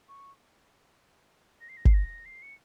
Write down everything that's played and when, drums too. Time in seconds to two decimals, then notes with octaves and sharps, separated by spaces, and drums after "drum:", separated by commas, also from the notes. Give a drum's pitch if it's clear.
0.08 C#6
1.61 A#6
1.69 C7
1.77 A#6
1.85 C7, drum: kick G1
1.94 A#6
2.25 C7
2.42 C#7